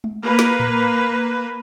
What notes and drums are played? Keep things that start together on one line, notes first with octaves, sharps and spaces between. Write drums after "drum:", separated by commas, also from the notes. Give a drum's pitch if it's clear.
drum: tom G#3
A#3 B4
drum: snare
drum: tom A2